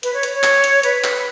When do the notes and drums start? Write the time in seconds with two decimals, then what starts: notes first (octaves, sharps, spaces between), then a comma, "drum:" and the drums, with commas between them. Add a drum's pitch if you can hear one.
0.03 B4, drum: hi-hat
0.14 C#5
0.23 drum: hi-hat
0.33 C#5
0.43 drum: clap
0.64 drum: hi-hat
0.83 B4, drum: hi-hat
1.04 drum: clap